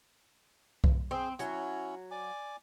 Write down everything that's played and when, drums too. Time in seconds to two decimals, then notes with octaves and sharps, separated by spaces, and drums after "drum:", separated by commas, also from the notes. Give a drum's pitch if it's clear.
0.84 drum: kick B1
1.11 C4 G#4 C5
1.39 F#3 C#4 E4 C#5, drum: hi-hat
2.11 D5 G#5 D6